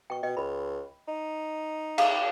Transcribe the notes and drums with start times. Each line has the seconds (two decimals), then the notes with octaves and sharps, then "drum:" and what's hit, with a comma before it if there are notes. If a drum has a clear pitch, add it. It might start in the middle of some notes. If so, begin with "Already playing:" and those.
0.10 B2 G5 C#6
0.23 B2 D#5 G5
0.37 C#2 B5
1.08 D#4
1.98 F5, drum: cymbal